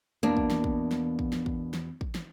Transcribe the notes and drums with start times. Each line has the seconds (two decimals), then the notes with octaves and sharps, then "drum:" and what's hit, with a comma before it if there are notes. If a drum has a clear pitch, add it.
0.23 E2 B2 A#3 D4
0.37 drum: kick
0.50 drum: snare
0.64 drum: kick
0.91 drum: snare
1.19 drum: kick
1.32 drum: snare
1.46 drum: kick
1.74 drum: snare
2.01 drum: kick
2.15 drum: snare